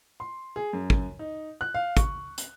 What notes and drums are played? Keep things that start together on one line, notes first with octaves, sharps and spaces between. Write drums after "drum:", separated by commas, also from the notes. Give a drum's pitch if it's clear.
C6
G#4
F#2
drum: kick
D#4
F#6
F5
C#6, drum: kick, hi-hat
drum: hi-hat